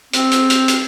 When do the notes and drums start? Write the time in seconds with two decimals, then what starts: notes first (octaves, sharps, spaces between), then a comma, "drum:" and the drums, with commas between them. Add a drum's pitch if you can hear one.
0.13 C4, drum: hi-hat
0.31 drum: hi-hat
0.50 drum: hi-hat
0.68 drum: hi-hat